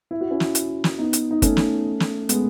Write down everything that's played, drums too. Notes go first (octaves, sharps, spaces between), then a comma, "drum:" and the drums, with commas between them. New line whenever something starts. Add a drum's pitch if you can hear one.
E4
F#4
C#4 E4
drum: snare
drum: hi-hat
drum: snare
B3 D#4
drum: hi-hat
D#4
A3 C#4, drum: kick G1, hi-hat
drum: snare
drum: snare
G#3 B3, drum: hi-hat